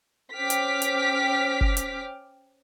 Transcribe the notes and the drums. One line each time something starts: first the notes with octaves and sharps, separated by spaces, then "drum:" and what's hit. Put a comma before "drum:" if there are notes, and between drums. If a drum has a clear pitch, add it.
C#4 C5 G5 D6 F6 B6
drum: hi-hat
drum: hi-hat
drum: kick
drum: hi-hat